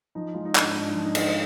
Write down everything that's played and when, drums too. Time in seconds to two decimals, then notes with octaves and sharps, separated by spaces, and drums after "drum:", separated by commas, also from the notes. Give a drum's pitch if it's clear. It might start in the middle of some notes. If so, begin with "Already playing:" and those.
0.15 F3 D#4
0.34 G#3 F4
0.45 D#4
0.55 G#2 D4, drum: clap
0.75 G#2 D4
0.89 D#4
0.95 F3
1.04 D#4
1.15 G#3 D#4, drum: cymbal